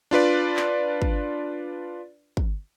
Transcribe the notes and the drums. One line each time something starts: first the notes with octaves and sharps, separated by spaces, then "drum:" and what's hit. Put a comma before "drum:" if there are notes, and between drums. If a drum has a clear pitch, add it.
D4 F4 B4 D5
drum: clap
drum: kick
drum: kick